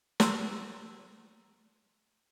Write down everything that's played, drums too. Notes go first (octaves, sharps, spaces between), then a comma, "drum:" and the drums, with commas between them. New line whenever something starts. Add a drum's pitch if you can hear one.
A#5 C6 E6, drum: snare